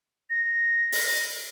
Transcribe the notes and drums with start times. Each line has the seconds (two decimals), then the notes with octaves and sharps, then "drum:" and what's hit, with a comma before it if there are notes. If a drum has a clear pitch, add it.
0.30 A#6
0.92 drum: open hi-hat